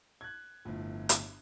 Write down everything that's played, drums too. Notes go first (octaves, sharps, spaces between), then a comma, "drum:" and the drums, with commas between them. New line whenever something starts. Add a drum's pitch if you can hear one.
F#6 G#6
G1 A2 F3
drum: hi-hat